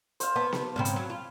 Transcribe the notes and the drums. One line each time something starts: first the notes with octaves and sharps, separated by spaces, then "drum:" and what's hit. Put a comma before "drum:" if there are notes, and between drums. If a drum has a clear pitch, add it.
C5 F5, drum: hi-hat
B3 A5 D6
drum: snare B3
G#2 C#3 C4 F5 B5
drum: hi-hat
F#3
F4